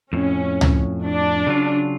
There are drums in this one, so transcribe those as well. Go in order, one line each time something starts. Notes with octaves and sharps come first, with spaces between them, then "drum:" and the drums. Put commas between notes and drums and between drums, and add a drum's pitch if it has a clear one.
F2 A2 C#4
drum: tom C#2
D4
C#3 F#3 F4